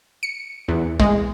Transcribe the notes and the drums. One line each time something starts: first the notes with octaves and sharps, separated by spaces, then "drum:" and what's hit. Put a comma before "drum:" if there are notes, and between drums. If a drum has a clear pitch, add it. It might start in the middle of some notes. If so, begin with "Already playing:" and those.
C#7
E2
G#3, drum: kick